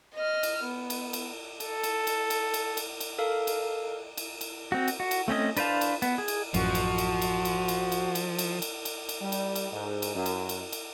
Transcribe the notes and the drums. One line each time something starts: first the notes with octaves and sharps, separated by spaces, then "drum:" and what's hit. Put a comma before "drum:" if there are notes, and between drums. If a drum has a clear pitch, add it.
D#5 F6
drum: cymbal
B3
drum: cymbal
drum: cymbal
A4, drum: cymbal
drum: cymbal
drum: cymbal
drum: cymbal
drum: cymbal
drum: cymbal
drum: cymbal
A4 A#4 F5
drum: cymbal
drum: cymbal
drum: cymbal
C4 F#4
drum: cymbal
F#4
drum: cymbal
A3 C4 C#4 D#5
D4 B4 C5 F5 A5, drum: cymbal
drum: cymbal
B3, drum: cymbal
G#4
drum: cymbal
A1 F#2 F3 F#4, drum: cymbal
drum: cymbal
drum: cymbal
drum: cymbal
drum: cymbal
drum: cymbal
drum: cymbal
drum: cymbal
drum: cymbal
drum: cymbal
drum: cymbal
drum: cymbal
G3
drum: cymbal
drum: cymbal
G#2
drum: cymbal
F#2
drum: cymbal
drum: cymbal
drum: cymbal